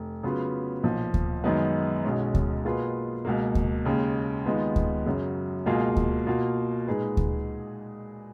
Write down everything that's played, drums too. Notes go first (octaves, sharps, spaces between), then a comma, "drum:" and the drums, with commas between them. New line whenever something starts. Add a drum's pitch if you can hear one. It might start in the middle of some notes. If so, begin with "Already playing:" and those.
Already playing: F1
C#3 F#3 B3 F4 B4
B1 A#2 F3
drum: kick D2
F#2 D#3 G#3 B3
B1 B2 G#3 C#4
drum: kick D2
B2 A#3 F4 G#4 B4
C#2 B2 A#3
drum: kick D2
D#2 C#3 G#3
D#2 D#3 G#3 B3 F4
drum: kick D2
F#2 C#3 F#3
C#2 B2 A#3 F4 G#4
drum: kick D2
B2 A#3 F4
A#2 G#3 D#4 G#4 B4
drum: kick D2